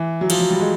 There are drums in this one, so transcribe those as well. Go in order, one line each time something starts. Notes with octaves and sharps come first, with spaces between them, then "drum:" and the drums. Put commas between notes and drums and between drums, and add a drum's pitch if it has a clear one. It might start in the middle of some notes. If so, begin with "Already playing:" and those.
Already playing: E3
F#3
F3, drum: cymbal
F#3
G3
G#3